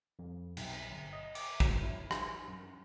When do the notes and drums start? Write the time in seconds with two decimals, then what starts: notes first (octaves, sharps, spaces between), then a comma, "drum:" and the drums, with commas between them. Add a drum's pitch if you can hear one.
0.19 F2
0.57 B1, drum: cymbal
0.91 G1
1.13 D#5
1.35 D6, drum: cymbal
1.60 F#3, drum: kick
1.83 E4
2.11 drum: rim click
2.48 F#2